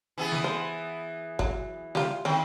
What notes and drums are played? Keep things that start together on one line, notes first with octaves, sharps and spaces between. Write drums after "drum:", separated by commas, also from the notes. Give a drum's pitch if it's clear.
E3 B3 G#4
drum: snare
C5
F#3, drum: kick G1
G3 F4, drum: snare
D#3 C4